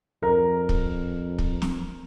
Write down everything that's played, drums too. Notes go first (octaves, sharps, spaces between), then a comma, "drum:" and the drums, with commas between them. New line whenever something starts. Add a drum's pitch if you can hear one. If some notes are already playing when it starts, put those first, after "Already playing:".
F2 A#4
drum: kick
drum: kick
drum: snare